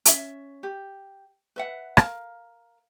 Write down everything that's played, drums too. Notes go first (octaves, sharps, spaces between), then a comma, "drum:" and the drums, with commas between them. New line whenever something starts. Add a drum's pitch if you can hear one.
C#4 E5, drum: hi-hat
G4
B4 E5 F#5
A#4 F5, drum: rim click